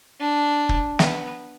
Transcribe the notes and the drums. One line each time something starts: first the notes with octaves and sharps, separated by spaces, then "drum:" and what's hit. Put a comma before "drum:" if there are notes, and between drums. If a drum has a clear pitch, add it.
D4
drum: kick
B3, drum: snare